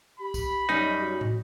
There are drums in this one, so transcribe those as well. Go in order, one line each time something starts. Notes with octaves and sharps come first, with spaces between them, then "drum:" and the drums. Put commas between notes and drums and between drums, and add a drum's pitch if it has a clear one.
G4 B5
drum: kick, tambourine
F#2 G3 C#4 D#4 D#5
F#4
drum: tom